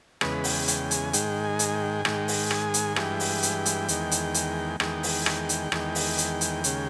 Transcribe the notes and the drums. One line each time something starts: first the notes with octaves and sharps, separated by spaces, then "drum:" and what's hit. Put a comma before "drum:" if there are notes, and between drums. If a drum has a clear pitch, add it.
E2 C#3 G#3 B4, drum: rim click
G5, drum: open hi-hat
G5, drum: hi-hat
G#5, drum: hi-hat
G#2 D#3 G#3 G5, drum: hi-hat
G#5
drum: hi-hat
G#5
G5
G#5
G#2 D#3 G#3 G5, drum: rim click
drum: open hi-hat
G#5, drum: rim click
drum: hi-hat
G2 E3 G#3 G5, drum: rim click
drum: open hi-hat
drum: hi-hat
drum: hi-hat
E2 D#3 G#3, drum: hi-hat
drum: hi-hat
drum: hi-hat
E2 D#3 G#3 G5, drum: rim click
drum: open hi-hat
drum: rim click
drum: hi-hat
E2 D#3 G#3, drum: rim click
drum: open hi-hat
drum: hi-hat
drum: hi-hat
D#2 C#3 G#3, drum: hi-hat